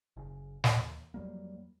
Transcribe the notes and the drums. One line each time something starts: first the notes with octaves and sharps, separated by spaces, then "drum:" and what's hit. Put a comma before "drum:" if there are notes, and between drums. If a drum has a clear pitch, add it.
F#1 C#3
D#2, drum: snare
F2 F#3 G3 A#3